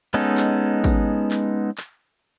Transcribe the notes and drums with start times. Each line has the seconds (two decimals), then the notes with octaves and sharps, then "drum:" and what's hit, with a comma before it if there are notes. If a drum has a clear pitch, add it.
0.14 G#3 B3 C#4 D#4 A4
0.37 drum: clap
0.84 drum: kick, tambourine
1.31 drum: clap
1.78 drum: clap